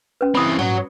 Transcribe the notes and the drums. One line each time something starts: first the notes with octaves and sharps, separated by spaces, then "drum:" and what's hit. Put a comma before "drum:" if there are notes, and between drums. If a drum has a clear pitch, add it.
C#4 B4
E3 C4 B5 D#6
F#3, drum: tom G#2